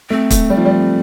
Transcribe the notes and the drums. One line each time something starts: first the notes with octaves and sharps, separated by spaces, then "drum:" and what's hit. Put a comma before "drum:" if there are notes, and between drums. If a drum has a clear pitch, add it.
A3 C4
A3, drum: kick, hi-hat
G3
F3
G3